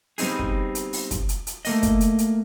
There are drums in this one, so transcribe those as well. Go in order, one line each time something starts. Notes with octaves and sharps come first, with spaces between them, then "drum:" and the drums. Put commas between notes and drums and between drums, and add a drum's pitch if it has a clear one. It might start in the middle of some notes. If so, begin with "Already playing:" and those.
G3 B3 C4 D#4 G#4, drum: open hi-hat
drum: kick
drum: hi-hat
drum: open hi-hat
drum: kick, hi-hat
drum: hi-hat
drum: hi-hat
A3 A#3 D#5, drum: open hi-hat
drum: kick, hi-hat
drum: hi-hat
drum: hi-hat